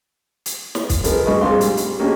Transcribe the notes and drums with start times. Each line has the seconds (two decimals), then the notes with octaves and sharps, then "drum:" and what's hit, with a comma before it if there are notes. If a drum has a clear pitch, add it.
0.46 drum: hi-hat
0.75 drum: snare
0.89 drum: kick, hi-hat
1.04 F3 G#3 B3 G#4 A#4, drum: hi-hat
1.26 G2 G#3 F#4 D#5 B5 C#6
1.41 A#1 G#2 G#3 C4 F5 C6
1.61 G3, drum: hi-hat
1.77 drum: hi-hat
1.99 G#3 A#3 C#4 D4 F#4 G4